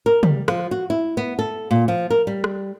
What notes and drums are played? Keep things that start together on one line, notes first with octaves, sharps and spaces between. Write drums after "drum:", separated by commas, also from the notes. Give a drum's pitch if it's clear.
A#4
G3, drum: tom
F3, drum: rim click
F#4
E4
B3
A4
A#2
F3
A#4
G3
drum: rim click